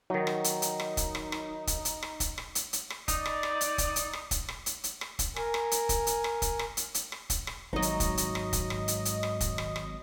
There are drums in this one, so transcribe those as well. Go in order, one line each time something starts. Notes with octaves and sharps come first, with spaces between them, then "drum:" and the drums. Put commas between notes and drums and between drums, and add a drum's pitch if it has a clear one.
D#3 F#3 D#4
drum: rim click
drum: hi-hat
drum: hi-hat
drum: rim click
drum: kick, hi-hat
drum: rim click
drum: rim click
drum: kick, hi-hat
drum: hi-hat
drum: rim click
drum: kick, hi-hat
drum: rim click
drum: hi-hat
drum: hi-hat
drum: rim click
D#4 D5, drum: kick, hi-hat
drum: rim click
drum: rim click
drum: hi-hat
drum: kick, hi-hat
drum: hi-hat
drum: rim click
drum: kick, hi-hat
drum: rim click
drum: hi-hat
drum: hi-hat
drum: rim click
drum: kick, hi-hat
A#4 G#5, drum: rim click
drum: rim click
drum: hi-hat
drum: kick, hi-hat
drum: hi-hat
drum: rim click
drum: kick, hi-hat
drum: rim click
drum: hi-hat
drum: hi-hat
drum: rim click
drum: kick, hi-hat
drum: rim click
G#1 F#3 D#4 D#5
drum: hi-hat
drum: kick, hi-hat
drum: hi-hat
drum: rim click
drum: kick, hi-hat
drum: rim click
drum: hi-hat
drum: hi-hat
drum: rim click
drum: kick, hi-hat
drum: rim click
drum: rim click